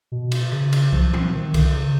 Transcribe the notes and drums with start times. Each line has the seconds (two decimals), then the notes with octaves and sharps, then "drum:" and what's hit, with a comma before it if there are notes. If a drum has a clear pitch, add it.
0.12 B2
0.32 drum: cymbal
0.52 C#3, drum: rim click
0.73 drum: cymbal
0.93 F3, drum: kick C2
1.14 F3, drum: tom
1.35 D#3
1.54 D3, drum: kick C2, cymbal
1.75 C#3